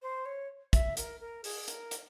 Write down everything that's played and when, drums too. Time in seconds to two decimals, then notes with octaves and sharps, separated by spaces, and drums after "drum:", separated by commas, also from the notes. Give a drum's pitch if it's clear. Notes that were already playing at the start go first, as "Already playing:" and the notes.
0.02 C5
0.25 C#5
0.73 E5, drum: kick, hi-hat
0.97 A#4, drum: hi-hat
1.20 A#4
1.44 G#4, drum: open hi-hat
1.68 A#4, drum: hi-hat
1.91 drum: hi-hat